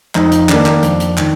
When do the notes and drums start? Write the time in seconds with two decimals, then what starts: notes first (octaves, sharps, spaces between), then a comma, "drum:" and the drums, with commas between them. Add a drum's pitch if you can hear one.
0.15 F2 D#4, drum: clap
0.32 drum: hi-hat
0.49 D#3 A#3 D4, drum: clap
0.66 drum: clap
0.83 F2, drum: hi-hat
1.00 drum: hi-hat
1.18 D#3, drum: clap